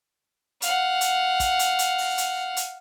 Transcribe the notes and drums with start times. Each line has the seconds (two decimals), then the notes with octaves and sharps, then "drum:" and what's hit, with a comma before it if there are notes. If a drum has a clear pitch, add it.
0.62 F5 F#5, drum: hi-hat
1.01 drum: hi-hat
1.40 drum: kick, hi-hat
1.59 drum: hi-hat
1.79 drum: hi-hat
1.98 drum: open hi-hat
2.18 drum: hi-hat
2.57 drum: hi-hat